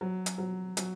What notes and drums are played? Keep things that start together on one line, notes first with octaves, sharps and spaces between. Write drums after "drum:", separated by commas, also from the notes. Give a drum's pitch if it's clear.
F#3
drum: hi-hat
F#3
F#3, drum: hi-hat